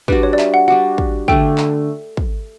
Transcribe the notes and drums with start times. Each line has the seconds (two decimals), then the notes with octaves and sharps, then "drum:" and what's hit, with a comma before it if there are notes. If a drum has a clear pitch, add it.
0.08 G3 D4 F#4 B4, drum: kick
0.23 C#5
0.33 D5
0.39 E5, drum: clap
0.54 F#5
0.68 G3 D4 F#4 F#5
0.98 drum: kick
1.28 D3 A3 D4 G5, drum: kick
1.58 drum: clap
2.17 drum: kick